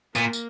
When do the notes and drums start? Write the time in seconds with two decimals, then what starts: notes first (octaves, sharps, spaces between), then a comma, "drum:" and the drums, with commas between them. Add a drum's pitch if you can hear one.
0.15 A#2 A#3, drum: tambourine
0.33 drum: tambourine